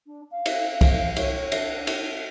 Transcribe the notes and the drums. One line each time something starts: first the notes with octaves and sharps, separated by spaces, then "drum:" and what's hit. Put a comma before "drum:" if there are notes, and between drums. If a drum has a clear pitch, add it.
D4
F5
drum: cymbal
drum: kick C2, cymbal
C#5, drum: cymbal
D4, drum: cymbal
drum: cymbal